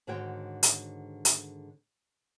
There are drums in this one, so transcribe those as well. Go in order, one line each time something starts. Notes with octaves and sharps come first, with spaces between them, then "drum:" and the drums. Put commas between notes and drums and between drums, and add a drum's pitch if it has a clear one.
G#2 D3 D#3 F#4 C#5 G5
drum: hi-hat
drum: hi-hat